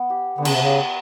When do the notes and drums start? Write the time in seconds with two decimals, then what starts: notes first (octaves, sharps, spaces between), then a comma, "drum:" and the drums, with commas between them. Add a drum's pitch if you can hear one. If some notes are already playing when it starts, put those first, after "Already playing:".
Already playing: B3
0.10 G4
0.38 D3 B3
0.45 C#3, drum: cymbal
0.53 C3
0.61 C#3
0.67 G4